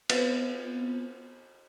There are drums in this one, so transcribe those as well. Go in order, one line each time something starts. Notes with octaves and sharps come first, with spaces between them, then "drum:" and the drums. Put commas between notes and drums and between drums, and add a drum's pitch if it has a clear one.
B3 C4 F4, drum: cymbal